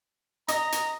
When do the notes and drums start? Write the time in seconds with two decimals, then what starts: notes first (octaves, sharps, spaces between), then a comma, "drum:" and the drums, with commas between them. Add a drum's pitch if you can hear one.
0.48 D#5 A#5, drum: hi-hat
0.72 drum: hi-hat